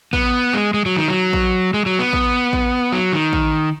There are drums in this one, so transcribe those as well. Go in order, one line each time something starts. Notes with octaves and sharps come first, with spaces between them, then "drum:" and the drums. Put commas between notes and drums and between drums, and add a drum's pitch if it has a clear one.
B3, drum: kick
G#3
G#3
F#3
D#3
F#3
drum: kick
G#3
F#3
B3
drum: kick
drum: kick
F#3
D#3
drum: kick